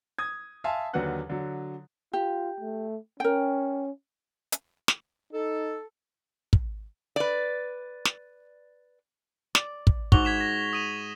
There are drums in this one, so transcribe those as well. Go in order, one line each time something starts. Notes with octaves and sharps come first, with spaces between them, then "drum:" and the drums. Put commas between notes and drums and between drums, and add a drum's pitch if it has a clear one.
D#6 G#6
E5 F5 G#5 A5 C6
D#2 D3 F#3 B4 F#5 F#6
D3 F#3
F4 G4
A3
C#4 A#4 G5
drum: hi-hat
drum: snare
D#4 A4
drum: kick
B4 D5
drum: snare
D5, drum: snare
drum: kick
G#2 F#4 C#6 F7 G7, drum: kick
G#6 B6 E7
A#6
D#6 D#7 F7